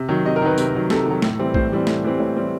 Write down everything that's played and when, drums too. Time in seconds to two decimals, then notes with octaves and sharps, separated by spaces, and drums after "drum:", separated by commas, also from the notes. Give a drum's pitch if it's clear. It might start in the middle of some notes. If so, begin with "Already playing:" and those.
Already playing: C3
0.08 D#3 F#3
0.25 C3 D#5
0.36 A#4
0.42 D#3 F#3 B4
0.58 C3, drum: tambourine
0.74 D#3 F#3
0.90 C3 A4, drum: snare
1.06 D#3 F#3
1.22 A2, drum: snare
1.39 E3 G3 C4
1.54 A2 C5, drum: kick A#1
1.72 E3 G3 C4
1.87 A2, drum: snare
2.04 E3 G3 C4
2.19 A2 C#5
2.36 E3 G3 C4